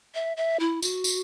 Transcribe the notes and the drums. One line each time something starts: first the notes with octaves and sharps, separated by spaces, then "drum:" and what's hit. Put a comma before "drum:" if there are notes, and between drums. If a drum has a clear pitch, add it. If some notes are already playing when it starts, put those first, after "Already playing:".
E5
E5
E4
F#4, drum: tambourine
drum: tambourine